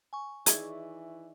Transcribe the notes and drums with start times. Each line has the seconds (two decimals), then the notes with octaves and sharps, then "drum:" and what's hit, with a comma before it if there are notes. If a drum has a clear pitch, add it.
0.13 G#5 C#6
0.46 E3 D#4 G#4 D5 E5, drum: hi-hat